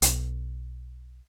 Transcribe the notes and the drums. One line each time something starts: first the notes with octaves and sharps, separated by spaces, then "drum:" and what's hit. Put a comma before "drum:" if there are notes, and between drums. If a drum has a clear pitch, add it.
B1, drum: hi-hat